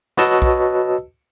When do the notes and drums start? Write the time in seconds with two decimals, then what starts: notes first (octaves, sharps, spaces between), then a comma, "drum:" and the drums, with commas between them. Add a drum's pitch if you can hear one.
0.17 F#4 B4 C#5 D#5 A5 E6, drum: snare
0.42 drum: kick B1